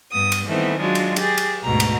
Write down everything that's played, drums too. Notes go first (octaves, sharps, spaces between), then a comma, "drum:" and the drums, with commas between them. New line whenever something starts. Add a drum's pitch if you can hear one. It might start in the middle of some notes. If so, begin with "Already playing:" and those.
G2 B3 D#6
drum: cymbal
D#3 E3 G3 A3 B3 C4
F#3 G#3 D4 F4 F#4
drum: cymbal
G4 G#4 A6, drum: cymbal
drum: cymbal
D2 G#2 B2 A#5
drum: cymbal